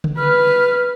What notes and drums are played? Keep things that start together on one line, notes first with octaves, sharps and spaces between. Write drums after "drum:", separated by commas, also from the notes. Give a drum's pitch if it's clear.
drum: tom C#3
B4 F6